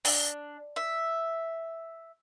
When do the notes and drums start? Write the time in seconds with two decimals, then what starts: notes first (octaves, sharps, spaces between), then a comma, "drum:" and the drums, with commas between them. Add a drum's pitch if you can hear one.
0.05 D4, drum: open hi-hat
0.76 E5